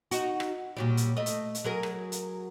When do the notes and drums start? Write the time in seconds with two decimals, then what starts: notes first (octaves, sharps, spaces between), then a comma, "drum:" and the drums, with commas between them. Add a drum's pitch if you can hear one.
0.11 D#4 F#4, drum: hi-hat
0.40 drum: rim click
0.77 A#2 F#3 G3
0.97 drum: hi-hat
1.17 A3 D#5
1.26 drum: hi-hat
1.55 drum: hi-hat
1.64 F#3 G#4 A#4
1.83 drum: rim click
2.12 drum: hi-hat